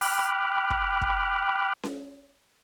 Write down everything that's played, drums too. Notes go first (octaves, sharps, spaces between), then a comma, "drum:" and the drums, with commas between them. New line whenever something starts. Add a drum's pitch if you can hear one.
G5 B5 D6 F6 F#6, drum: open hi-hat
drum: kick
drum: kick
drum: snare C#4